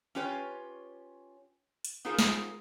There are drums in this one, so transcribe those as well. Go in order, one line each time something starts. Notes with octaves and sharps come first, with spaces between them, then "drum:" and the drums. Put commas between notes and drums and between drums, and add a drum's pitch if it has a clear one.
C#4 F4 G4 B4 C#5
drum: hi-hat
B3 D#4 F4 G#4 A#4 C5
drum: snare